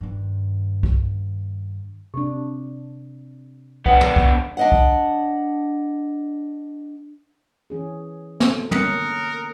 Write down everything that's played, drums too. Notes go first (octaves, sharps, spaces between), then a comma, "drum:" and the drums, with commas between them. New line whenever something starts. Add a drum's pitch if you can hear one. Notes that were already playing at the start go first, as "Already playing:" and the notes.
G2 D#3
drum: kick B1
C3 D4 G4
B3 D4 F#5 G5, drum: kick B1
drum: tom
drum: kick B1
D4 D#5 F#5
drum: kick B1
E3 C#4 G#4
B2 A3 F4, drum: snare
D3 A#3 C#4 A#4 D#6 F#6 C#7, drum: tom